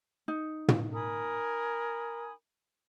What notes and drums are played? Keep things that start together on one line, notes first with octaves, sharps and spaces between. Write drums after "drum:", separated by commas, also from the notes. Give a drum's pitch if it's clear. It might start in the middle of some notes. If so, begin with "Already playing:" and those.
D#4
drum: tom
A#4 G#5 B5 D#6